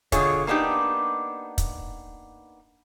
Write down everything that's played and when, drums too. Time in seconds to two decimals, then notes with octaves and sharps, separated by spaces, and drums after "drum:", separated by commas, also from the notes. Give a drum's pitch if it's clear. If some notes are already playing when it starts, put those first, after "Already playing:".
0.12 B2 D3 F4 G#4 C#5, drum: kick, hi-hat
0.47 A#3 B3 D4 D#4 G4
1.58 drum: kick, hi-hat